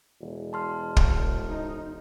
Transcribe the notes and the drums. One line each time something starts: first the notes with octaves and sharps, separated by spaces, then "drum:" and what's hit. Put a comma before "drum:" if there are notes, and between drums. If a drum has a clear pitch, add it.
E1
A5 C6 F6
drum: kick
D#4